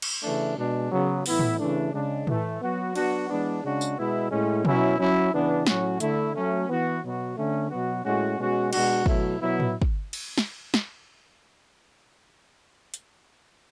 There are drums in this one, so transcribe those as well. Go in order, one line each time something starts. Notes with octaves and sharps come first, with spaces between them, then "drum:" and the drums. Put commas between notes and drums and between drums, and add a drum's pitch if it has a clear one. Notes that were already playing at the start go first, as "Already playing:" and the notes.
drum: cymbal
C#3 E3 A3 D4
B2 G#3 D4
C#3 F#3 B3
A2 E3 B3 E4, drum: open hi-hat
drum: tom A2
C#3 E3 A3 D4
C#3 G#3 D4
A2 E3 A3, drum: tom A2
F#3 B3 F#4
F#3 B3 D4 F#4, drum: cymbal
E3 G#3 B3 D4
C#3 G#3 D4 F#4
drum: tambourine
B2 G#3 B3 E4
A2 G#3 C#4
B2 F#3 C#4 E4, drum: tom B2
F#3 C#4 E4
C#3 E3 B3 D4
A2 F#3 C#4 F#4, drum: snare
D3 A3 E4, drum: hi-hat
F#3 A3 C#4
E3 B3 F#4
B2 F#3 B3 F#4
D3 A3 C#4
B2 F#3 B3 F#4
A2 G#3 C#4 F#4
B2 G#3 C#4 F#4
B2 G#3 D4 F#4, drum: cymbal
B2 F#3 A3 E4, drum: kick
B2 F#3 B3 E4
drum: tom A2
drum: kick
drum: cymbal
drum: snare
drum: snare
drum: hi-hat